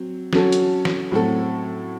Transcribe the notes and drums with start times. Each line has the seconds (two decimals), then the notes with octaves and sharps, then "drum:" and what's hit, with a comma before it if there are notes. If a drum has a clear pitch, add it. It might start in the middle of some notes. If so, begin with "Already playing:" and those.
Already playing: F#3 C4
0.33 F#3 C#4 F#4 A4, drum: snare
0.52 drum: hi-hat
0.85 drum: snare
1.12 A2 F#3 C4 F#4 A4